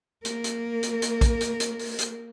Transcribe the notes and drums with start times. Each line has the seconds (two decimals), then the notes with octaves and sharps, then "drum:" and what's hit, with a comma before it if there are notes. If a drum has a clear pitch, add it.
0.25 A#3 A#4, drum: hi-hat
0.44 drum: hi-hat
0.83 drum: hi-hat
1.02 drum: hi-hat
1.21 drum: kick, hi-hat
1.41 drum: hi-hat
1.60 drum: hi-hat
1.79 drum: open hi-hat
1.99 drum: hi-hat